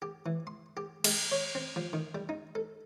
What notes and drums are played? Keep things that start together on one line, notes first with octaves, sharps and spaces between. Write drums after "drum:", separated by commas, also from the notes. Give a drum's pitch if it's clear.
G4
E3
C6
G4
G#3, drum: cymbal
C#5
C4
F3
D#3
G3
D#4
A4